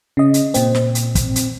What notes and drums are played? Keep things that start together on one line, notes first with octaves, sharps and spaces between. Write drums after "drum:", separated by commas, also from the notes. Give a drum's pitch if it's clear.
C#3 D#5
drum: hi-hat
A#2 C4, drum: hi-hat
drum: snare
drum: hi-hat
drum: kick, hi-hat
drum: hi-hat